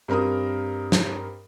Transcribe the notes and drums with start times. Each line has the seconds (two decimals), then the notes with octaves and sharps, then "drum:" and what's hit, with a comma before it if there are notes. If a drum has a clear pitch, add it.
0.08 G2 C4 A#4 A#5 D#6
0.92 drum: snare